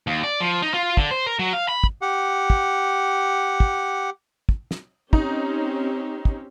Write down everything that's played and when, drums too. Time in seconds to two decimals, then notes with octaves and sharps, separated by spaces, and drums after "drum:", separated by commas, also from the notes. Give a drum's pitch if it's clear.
0.07 D#2
0.23 D5
0.41 F3
0.62 D#4
0.74 F4
0.97 D3, drum: kick
1.11 C5
1.27 A#4
1.39 F#3
1.53 F5
1.69 B5
1.84 drum: kick
2.02 G4 F#5
2.50 drum: kick
3.60 drum: kick
4.49 drum: kick
4.71 drum: snare
5.13 C4 C#4 D#4 G4, drum: kick
6.25 drum: kick